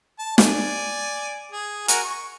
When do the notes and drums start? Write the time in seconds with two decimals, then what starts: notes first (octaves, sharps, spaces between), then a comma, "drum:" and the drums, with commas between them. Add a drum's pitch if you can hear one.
0.19 A5
0.38 D5 G#5, drum: snare
1.52 G#4
1.88 F#4 A#4 G#5, drum: hi-hat
2.03 C#6